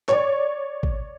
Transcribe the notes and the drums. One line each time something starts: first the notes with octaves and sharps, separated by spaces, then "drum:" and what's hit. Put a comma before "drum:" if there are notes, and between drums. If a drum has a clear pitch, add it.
C#5 D5, drum: clap
drum: kick